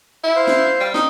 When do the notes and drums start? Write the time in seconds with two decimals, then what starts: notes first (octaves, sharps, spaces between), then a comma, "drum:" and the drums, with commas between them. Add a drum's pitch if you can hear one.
0.24 E4
0.36 C5 F5 G6
0.47 drum: snare
0.80 G3
0.94 D#4, drum: snare